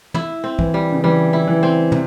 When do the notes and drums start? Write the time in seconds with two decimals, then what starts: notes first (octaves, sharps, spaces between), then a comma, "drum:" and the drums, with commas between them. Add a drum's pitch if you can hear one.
0.14 E4, drum: tom
0.44 C4
0.59 E3, drum: kick
0.74 G3
0.92 C#3
1.04 E3 G3
1.33 E4
1.48 E3
1.63 C4
1.92 C3, drum: tom